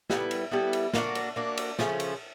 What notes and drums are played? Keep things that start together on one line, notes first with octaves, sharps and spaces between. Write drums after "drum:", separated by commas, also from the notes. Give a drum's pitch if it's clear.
G3 B3 E4 A4, drum: snare
drum: cymbal
G3 B3 E4 A4
drum: cymbal
A#3 D4 F#4, drum: snare
drum: cymbal
A#3 D4 F#4
drum: cymbal
C#3 F3 A3 C#4, drum: snare
drum: cymbal